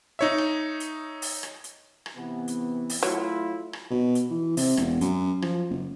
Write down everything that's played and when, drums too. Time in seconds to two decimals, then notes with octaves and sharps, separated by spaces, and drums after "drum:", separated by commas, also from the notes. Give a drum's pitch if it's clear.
0.19 D#4 C#5 E5
0.38 drum: rim click
0.80 drum: hi-hat
1.22 drum: open hi-hat
1.43 drum: rim click
1.64 drum: hi-hat
2.06 drum: rim click
2.16 C3 E3 B3
2.48 drum: hi-hat
2.90 drum: open hi-hat
3.03 F#3 A3 E4 F4
3.73 drum: rim click
3.91 B2
4.15 drum: hi-hat
4.30 E3
4.57 C3, drum: open hi-hat
4.77 E1, drum: rim click
5.01 F#2, drum: hi-hat
5.42 F3, drum: rim click
5.70 F#1